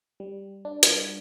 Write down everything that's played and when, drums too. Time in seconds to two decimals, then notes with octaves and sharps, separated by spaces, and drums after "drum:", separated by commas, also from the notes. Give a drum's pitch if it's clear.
0.20 G3
0.65 D4
0.83 drum: hi-hat